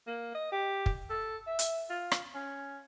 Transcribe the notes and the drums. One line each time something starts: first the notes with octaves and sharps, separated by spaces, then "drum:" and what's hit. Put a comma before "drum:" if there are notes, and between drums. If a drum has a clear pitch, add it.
A#3
D#5
G4
drum: kick
A4
E5
drum: hi-hat
F4
drum: rim click
C#4